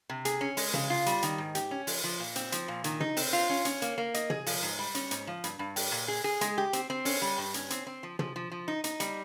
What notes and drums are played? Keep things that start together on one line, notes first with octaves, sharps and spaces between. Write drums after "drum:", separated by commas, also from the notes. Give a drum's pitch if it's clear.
C3
G#4, drum: hi-hat
C#4
G#3, drum: open hi-hat
C#3, drum: tom
F4
G3, drum: hi-hat
D#3, drum: hi-hat
G#2
G4, drum: hi-hat
C#4
F3, drum: open hi-hat
F3
A#2
C4, drum: hi-hat
F3, drum: hi-hat
A#2
D#3, drum: hi-hat
D#4, drum: tom
C4, drum: open hi-hat
F4
C#4
C#4, drum: hi-hat
A#3, drum: hi-hat
A#3
D#5, drum: hi-hat
G#4, drum: tom
F3, drum: open hi-hat
G#2
G3
C#4, drum: hi-hat
G#2, drum: hi-hat
F3
G2, drum: hi-hat
G2
G4, drum: open hi-hat
A#2
G#4
G#4
G#3, drum: hi-hat
G4
C4, drum: hi-hat
C4
C#4, drum: open hi-hat
G3
G2
C#4, drum: hi-hat
C4, drum: hi-hat
C4
F3
F3, drum: tom
F3
F3
D#4
D#4, drum: hi-hat
G3, drum: hi-hat